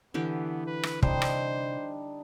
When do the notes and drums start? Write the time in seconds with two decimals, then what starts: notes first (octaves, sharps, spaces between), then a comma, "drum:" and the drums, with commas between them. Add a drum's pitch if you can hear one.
0.14 D3 E3 B3 G4
0.66 B4
0.83 drum: rim click
1.03 C3 G3 D4 D#4 C5, drum: kick
1.22 drum: rim click